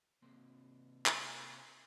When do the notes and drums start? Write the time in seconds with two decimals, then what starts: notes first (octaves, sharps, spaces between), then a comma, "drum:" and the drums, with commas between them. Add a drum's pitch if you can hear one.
0.22 C3 A#3 C4 A#4 C6
1.06 drum: clap